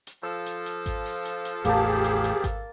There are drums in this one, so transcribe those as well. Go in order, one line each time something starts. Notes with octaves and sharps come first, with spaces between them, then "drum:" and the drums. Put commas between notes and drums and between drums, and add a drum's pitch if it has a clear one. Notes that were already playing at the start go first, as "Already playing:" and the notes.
drum: hi-hat
F3 A4 E6
drum: hi-hat
drum: hi-hat
drum: kick G#1, hi-hat
drum: open hi-hat
drum: hi-hat
drum: hi-hat
A1 E2 A2 A#3 G4 G#4 A5, drum: hi-hat
drum: hi-hat
drum: hi-hat
drum: kick G#1, hi-hat